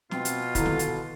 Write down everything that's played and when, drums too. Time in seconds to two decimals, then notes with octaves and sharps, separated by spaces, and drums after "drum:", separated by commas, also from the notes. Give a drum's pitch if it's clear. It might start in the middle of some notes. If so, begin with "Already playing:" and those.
0.11 B2 C4 F4, drum: snare
0.25 drum: hi-hat
0.55 D3 D#3 E4, drum: kick, hi-hat
0.66 drum: snare
0.79 drum: hi-hat